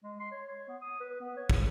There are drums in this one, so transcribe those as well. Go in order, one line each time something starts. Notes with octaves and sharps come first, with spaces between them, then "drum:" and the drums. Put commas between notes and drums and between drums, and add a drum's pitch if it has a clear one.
G#3
C6
C#5
C#5
B3
D#6
B4
B3
C#5
C#5, drum: kick